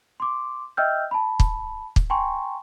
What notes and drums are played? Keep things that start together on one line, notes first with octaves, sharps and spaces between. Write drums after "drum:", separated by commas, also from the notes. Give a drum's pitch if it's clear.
C6 D6
D#5 E5 G5 E6 F6 G6
A5 B5
drum: kick
drum: kick
G5 G#5 A#5 C6 C#6